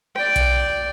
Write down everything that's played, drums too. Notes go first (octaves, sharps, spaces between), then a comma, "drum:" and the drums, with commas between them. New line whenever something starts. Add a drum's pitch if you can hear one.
D5 G5, drum: rim click
drum: kick B1, hi-hat